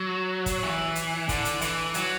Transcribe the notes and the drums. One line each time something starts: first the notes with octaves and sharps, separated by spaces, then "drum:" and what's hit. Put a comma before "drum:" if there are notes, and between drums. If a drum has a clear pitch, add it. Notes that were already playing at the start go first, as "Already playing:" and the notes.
Already playing: F#3
drum: kick, hi-hat
E3
drum: hi-hat
D3, drum: kick, hi-hat
drum: hi-hat
E3, drum: hi-hat
F#3, drum: hi-hat